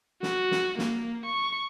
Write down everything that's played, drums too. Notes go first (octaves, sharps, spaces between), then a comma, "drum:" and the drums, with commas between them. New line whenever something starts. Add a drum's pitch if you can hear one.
F#4, drum: snare
drum: snare
A#3, drum: snare
C#6